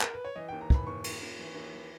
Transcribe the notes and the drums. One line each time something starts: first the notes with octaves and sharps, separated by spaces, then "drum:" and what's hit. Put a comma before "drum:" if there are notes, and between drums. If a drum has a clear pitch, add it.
A#4, drum: clap
B4
C#5
E3 D#5
D#2 G5
A#5
E3 B5, drum: kick
D#2 C#6
D#2, drum: cymbal
D#2
E3
D#2
E3